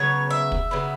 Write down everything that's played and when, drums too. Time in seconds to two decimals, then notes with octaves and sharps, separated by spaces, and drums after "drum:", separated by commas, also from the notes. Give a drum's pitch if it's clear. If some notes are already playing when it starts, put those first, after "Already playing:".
Already playing: C#3 F#3 B3 C#5
0.30 E5
0.52 drum: kick
0.71 C#3 F#3 B3